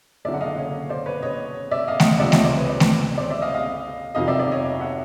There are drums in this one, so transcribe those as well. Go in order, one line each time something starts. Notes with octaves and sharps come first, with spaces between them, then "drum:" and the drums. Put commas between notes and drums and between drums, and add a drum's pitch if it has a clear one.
F#1 F#2 D3 D5 E5
F#5
D#5 F5
C#5 D#5
C5 D5
B4 C#5
C#5 D#5
D5 E5
D#5 F5
F#5, drum: snare A3
D#5 F5
C#2 C3 F3 G#3 D5 E5
C#5 D#5, drum: snare A3
C5 D5
B4 C#5
C5 D5
drum: snare A3
C5 D5
D5 E5
D#5 F5
D#5 F5
F2 C3 D#3 F#3 D#5 F5
D5 E5
D5 E5
C#5 D#5
E5 F#5